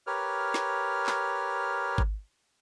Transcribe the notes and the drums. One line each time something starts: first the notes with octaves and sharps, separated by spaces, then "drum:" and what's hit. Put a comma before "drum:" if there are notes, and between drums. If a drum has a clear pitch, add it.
G4 A#4 B4 C#5 F6
drum: snare
drum: clap
drum: kick G#1